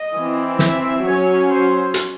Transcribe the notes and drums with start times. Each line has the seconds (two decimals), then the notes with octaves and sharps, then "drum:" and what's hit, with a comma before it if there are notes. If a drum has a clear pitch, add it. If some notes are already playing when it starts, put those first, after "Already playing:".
Already playing: D#5
0.15 E3 C4
0.59 E5, drum: snare
1.03 F#3 C#4 C#5
1.48 C5
1.94 drum: hi-hat